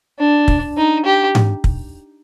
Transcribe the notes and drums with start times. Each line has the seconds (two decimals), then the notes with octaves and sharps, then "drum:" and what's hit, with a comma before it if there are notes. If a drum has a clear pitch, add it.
0.19 D4
0.48 drum: kick
0.77 D#4
1.05 G4
1.35 drum: tom G#2
1.64 drum: kick